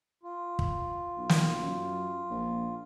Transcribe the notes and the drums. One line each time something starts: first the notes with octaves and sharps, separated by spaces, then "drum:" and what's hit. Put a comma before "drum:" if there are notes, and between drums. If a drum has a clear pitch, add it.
F4
drum: kick
B1
drum: snare
F#2
A#1